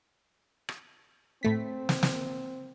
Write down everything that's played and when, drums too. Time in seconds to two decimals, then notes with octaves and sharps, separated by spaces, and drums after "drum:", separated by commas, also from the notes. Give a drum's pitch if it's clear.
0.69 drum: rim click
1.43 A2 A3 C4 B6
1.89 drum: snare
2.03 drum: snare